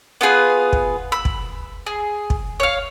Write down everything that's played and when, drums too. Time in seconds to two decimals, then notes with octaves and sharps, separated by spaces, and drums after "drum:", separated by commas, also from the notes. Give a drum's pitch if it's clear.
0.21 B3 F4 G#4 B4
0.73 drum: kick
1.12 B5 E6
1.25 drum: kick
1.86 G#4
2.30 drum: kick
2.60 C#5 F5